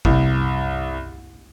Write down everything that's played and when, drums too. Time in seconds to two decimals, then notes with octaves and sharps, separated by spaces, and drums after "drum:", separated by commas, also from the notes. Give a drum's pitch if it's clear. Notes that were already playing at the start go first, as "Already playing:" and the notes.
0.05 C2, drum: kick G#1